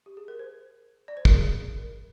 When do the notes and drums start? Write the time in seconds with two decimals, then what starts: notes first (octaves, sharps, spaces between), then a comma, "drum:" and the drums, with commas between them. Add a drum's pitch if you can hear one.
0.06 G4
0.17 G#4
0.28 A#4
0.39 C5
1.08 D5
1.17 C5
1.25 A#4, drum: kick
1.33 G#4
1.77 A#4